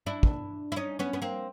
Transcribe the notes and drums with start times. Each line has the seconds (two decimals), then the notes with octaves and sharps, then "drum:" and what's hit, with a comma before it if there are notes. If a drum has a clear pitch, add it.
0.06 D4 E4
0.23 drum: kick
0.72 E4
0.76 C#4 D#4
0.99 B3 C#4
1.13 B3
1.22 A#3 C4